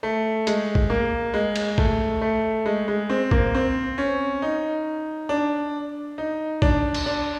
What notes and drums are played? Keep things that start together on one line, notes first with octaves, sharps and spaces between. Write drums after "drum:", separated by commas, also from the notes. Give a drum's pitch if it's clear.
A3
G#3, drum: hi-hat
drum: kick G#1
A#3
G#3
drum: cymbal
A3, drum: kick G#1
A3
G#3
G#3
C4
A#3, drum: kick G#1
C4
C#4
D#4
D4
D#4
D4, drum: kick G#1
drum: cymbal
D4